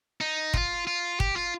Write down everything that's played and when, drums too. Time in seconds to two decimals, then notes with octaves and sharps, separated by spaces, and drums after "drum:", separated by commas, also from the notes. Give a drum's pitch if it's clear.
0.21 D#4
0.54 F4, drum: kick
0.87 F4
1.20 G4, drum: kick
1.36 F4